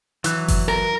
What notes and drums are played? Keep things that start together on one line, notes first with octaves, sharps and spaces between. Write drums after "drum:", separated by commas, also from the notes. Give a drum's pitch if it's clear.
E3 F#3 F#6, drum: hi-hat
drum: kick F#1, open hi-hat
A#4